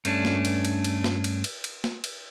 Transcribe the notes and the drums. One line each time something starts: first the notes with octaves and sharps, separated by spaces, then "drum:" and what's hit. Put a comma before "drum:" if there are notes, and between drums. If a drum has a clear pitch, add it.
G2 A3 C#4 D4, drum: cymbal
drum: snare
drum: cymbal
drum: cymbal
drum: cymbal
drum: snare
drum: cymbal
drum: cymbal
drum: cymbal
drum: snare
drum: cymbal